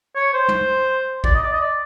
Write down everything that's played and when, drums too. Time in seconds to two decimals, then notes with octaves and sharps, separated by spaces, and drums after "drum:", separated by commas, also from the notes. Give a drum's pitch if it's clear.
0.15 C#5
0.33 C5
0.48 drum: tom
1.24 D5, drum: kick
1.34 D#5
1.42 D5
1.51 D#5
1.60 D5